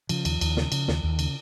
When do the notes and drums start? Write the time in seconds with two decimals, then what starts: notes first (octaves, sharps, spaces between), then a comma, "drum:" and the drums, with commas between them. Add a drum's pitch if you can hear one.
0.09 C#3 F3, drum: cymbal
0.25 D#2, drum: cymbal
0.41 D#2, drum: cymbal
0.57 C#3, drum: snare
0.72 C#3, drum: cymbal
0.88 D#2, drum: snare
1.04 D#2
1.19 C#3, drum: cymbal